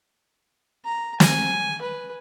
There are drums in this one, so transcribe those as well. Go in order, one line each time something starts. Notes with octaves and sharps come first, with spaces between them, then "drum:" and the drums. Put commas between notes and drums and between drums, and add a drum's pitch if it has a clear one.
A#5
G#5, drum: snare
B4